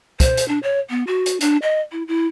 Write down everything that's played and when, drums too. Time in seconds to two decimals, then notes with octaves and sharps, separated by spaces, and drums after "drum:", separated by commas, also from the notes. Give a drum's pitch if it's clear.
0.20 C5, drum: kick, hi-hat
0.37 drum: hi-hat
0.48 D4
0.63 C#5
0.90 B3
1.07 F#4
1.26 drum: hi-hat
1.41 D4, drum: hi-hat
1.62 D#5
1.92 E4
2.08 E4